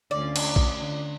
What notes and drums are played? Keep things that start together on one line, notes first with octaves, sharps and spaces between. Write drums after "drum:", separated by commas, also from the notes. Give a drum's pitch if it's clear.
D2 D3 C#4 F4 D5
drum: cymbal
drum: kick A#1
D3